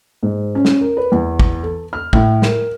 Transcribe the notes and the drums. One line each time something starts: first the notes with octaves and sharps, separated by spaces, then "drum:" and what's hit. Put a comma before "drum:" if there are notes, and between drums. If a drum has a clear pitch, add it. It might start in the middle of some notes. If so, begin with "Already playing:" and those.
G#2
C#4
drum: snare
A#4
B4
E2
drum: kick
A4
F6
A2, drum: kick
A#4, drum: snare